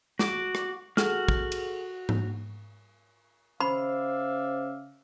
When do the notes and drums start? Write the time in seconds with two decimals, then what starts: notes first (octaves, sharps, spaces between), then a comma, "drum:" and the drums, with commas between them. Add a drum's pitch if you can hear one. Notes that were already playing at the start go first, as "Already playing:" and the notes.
0.19 F#4 D6, drum: snare
0.55 drum: rim click
0.97 F#4 G#4 A4 F#5 F6, drum: snare
1.28 drum: kick
1.52 drum: cymbal
2.09 drum: tom G#2
3.61 C#3 C5 D5 E5 F5 B5